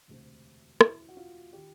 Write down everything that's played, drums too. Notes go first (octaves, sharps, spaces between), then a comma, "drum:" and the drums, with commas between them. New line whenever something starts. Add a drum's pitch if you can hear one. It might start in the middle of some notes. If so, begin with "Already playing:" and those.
E1 D2 C3
E4, drum: rim click
F#4
F4
D#3 G4